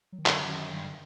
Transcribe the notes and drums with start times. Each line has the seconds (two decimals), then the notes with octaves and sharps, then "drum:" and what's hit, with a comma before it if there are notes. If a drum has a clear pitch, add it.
0.12 F#3
0.18 D#3
0.26 F#2 D3, drum: clap
0.48 D#3
0.70 G2 D#3
0.85 D3